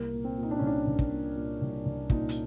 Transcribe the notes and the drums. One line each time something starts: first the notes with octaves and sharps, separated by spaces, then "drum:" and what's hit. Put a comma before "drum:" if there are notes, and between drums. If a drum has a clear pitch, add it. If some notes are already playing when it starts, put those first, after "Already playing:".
Already playing: C2 A#3
A#2
C4
A#2
D#4
D4
C2 C#4
D4
C2
drum: kick
A#2
A#2
C2
C2
A#2 D#4, drum: kick
drum: hi-hat